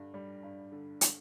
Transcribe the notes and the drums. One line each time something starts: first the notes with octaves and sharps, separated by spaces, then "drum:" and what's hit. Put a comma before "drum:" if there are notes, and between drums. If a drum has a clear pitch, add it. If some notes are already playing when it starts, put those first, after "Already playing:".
Already playing: G2 D3
G3
G2
D3
drum: hi-hat